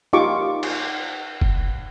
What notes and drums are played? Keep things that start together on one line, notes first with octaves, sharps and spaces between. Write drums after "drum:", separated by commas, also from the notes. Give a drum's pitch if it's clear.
D#4 F4 G4 C#6 D6
drum: cymbal
drum: kick F#1